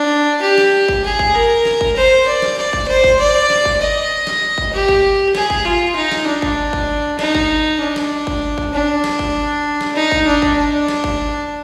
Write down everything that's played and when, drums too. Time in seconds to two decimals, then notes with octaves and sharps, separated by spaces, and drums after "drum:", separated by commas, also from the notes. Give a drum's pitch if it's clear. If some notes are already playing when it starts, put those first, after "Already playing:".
Already playing: D4
0.42 G4
0.58 drum: snare
0.88 drum: kick G1
1.04 G#4
1.19 drum: kick G1
1.35 A#4
1.65 drum: snare
1.81 drum: kick G1
1.96 C5
2.28 D5
2.42 drum: snare
2.58 D5
2.73 drum: kick G1
2.88 C5
3.04 drum: kick G1
3.19 D5
3.50 drum: snare
3.65 drum: kick G1
3.81 D#5
4.27 drum: snare
4.58 drum: kick G1
4.73 G4
4.88 drum: kick G1
5.35 G#4, drum: snare
5.50 drum: kick G1
5.65 F4
5.96 D#4
6.12 drum: snare
6.27 D4
6.42 drum: kick G1
6.73 drum: kick G1
7.19 D#4, drum: snare
7.35 drum: kick G1
7.80 D4
7.96 drum: snare
8.27 drum: kick G1
8.58 drum: kick G1
8.73 D4
9.04 drum: snare
9.19 drum: kick G1
9.81 drum: snare
9.96 D#4
10.12 drum: kick G1
10.27 D4
10.42 drum: kick G1
10.58 D4
10.88 drum: snare
11.04 drum: kick G1